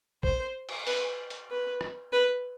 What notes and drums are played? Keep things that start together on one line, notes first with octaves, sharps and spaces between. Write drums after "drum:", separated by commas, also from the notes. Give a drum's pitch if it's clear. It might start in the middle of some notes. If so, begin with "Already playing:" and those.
C5, drum: kick A1
drum: cymbal
B4, drum: open hi-hat
drum: hi-hat
B4
drum: rim click
B4